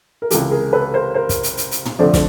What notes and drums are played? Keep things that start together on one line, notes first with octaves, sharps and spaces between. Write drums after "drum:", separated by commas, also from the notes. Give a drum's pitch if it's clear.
A#4
C#2 C3 E3 G4 A4, drum: hi-hat
G#4 A#4
A4 B4
A#4 C5
A#4 C5
drum: kick, hi-hat
drum: hi-hat
drum: hi-hat
drum: hi-hat
drum: tom
F2 D3 F3 A3 C5 D5
drum: snare